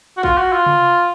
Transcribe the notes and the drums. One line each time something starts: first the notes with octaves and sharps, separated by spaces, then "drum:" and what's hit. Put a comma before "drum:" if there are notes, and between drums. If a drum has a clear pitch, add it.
F#4
F4, drum: kick
F#4
F4
drum: tom C3